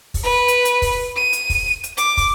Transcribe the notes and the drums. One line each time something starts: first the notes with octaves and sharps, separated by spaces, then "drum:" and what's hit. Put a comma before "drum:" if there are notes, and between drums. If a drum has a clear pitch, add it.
drum: kick, open hi-hat
B4
drum: hi-hat
drum: hi-hat
drum: kick, open hi-hat
D#7
drum: hi-hat
drum: kick, open hi-hat
drum: hi-hat
D6, drum: hi-hat
drum: kick, open hi-hat